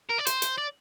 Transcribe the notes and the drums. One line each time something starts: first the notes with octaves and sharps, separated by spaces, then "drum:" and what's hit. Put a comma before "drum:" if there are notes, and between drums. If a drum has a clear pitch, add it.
A#4
D5
C5, drum: hi-hat
drum: hi-hat
D5